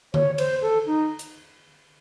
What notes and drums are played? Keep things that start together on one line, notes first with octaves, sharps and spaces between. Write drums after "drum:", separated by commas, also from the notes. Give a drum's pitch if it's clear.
C#5, drum: tom D3
C5, drum: cymbal
A4
D#4
drum: hi-hat